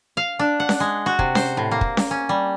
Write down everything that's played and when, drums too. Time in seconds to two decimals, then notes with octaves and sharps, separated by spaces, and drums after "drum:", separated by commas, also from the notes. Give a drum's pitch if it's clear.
0.17 F5
0.39 D4
0.60 F#5
0.69 drum: snare C#4
0.80 G#3
1.06 F#4
1.19 C3, drum: kick
1.35 C5, drum: snare C#4
1.57 A2
1.71 A#3
1.81 drum: kick
1.97 drum: snare C#4
2.11 C#4
2.29 G3